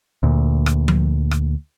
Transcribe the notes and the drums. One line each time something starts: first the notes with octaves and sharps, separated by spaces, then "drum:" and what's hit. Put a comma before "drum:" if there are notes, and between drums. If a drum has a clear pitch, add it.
D2 A#2
drum: rim click
drum: tom F3
drum: rim click